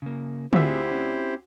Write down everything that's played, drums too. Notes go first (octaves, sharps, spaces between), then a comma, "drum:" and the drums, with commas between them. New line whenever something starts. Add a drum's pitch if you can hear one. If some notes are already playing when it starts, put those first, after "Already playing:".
C#3 A#3
D2 C4 E4 F4 G4 G#4 C5 E5, drum: tom D3
C4 C#4